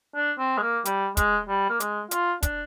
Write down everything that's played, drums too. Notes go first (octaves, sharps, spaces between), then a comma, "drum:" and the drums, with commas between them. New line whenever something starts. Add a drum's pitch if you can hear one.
D4
C4
G#3
A#3
G3, drum: hi-hat
G#3, drum: kick, hi-hat
G3
A#3
G#3, drum: hi-hat
F4, drum: hi-hat
D4, drum: kick, hi-hat